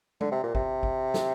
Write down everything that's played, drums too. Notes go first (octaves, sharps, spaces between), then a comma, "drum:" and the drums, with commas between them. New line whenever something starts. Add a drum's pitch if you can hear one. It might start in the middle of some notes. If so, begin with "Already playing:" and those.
D3, drum: tom G#3
C3
A#2
C3, drum: kick A1
drum: kick A1
drum: snare